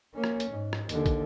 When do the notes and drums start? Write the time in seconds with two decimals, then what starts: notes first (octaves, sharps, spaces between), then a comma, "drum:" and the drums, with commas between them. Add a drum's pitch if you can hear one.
0.14 A#3 C#4
0.24 drum: rim click
0.40 drum: hi-hat
0.51 G#2
0.73 drum: rim click
0.89 D#2 D3, drum: hi-hat
1.06 drum: kick, hi-hat